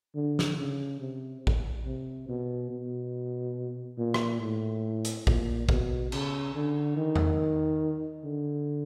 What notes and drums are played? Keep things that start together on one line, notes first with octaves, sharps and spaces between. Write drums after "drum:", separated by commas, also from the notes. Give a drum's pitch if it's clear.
D3
drum: snare
C#3
C3
drum: kick A#1
C3
B2
B2
A#2
drum: rim click
A2
drum: hi-hat
A#2, drum: kick A#1
B2, drum: kick A#1
C#3, drum: cymbal
D3
D#3
drum: tom E2
D3